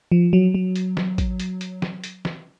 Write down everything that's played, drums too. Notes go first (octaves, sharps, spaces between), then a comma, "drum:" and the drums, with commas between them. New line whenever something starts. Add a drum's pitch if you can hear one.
F3
F#3
F#3
drum: hi-hat
drum: snare
drum: kick A1, hi-hat
drum: hi-hat
drum: hi-hat
drum: snare
drum: hi-hat
drum: snare